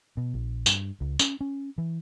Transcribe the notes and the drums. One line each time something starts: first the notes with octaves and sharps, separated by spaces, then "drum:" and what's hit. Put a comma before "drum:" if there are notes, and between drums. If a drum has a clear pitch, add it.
B2
A#1
G2, drum: tambourine
C#2
C#4, drum: tambourine
C#4
E3